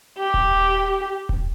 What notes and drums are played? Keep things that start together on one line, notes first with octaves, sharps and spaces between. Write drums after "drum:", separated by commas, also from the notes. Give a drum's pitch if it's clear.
G4
drum: kick D#1
drum: kick D#1